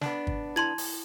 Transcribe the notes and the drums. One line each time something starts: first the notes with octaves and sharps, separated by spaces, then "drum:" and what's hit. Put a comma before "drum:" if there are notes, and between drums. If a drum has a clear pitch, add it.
B3 D4, drum: snare
drum: kick
E4 A5 C6 G#6 F#7
drum: open hi-hat